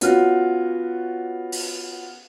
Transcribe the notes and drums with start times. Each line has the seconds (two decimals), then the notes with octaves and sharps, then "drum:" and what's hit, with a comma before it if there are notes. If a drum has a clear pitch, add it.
0.01 B3 C#4 F4 F#4, drum: hi-hat
1.52 drum: open hi-hat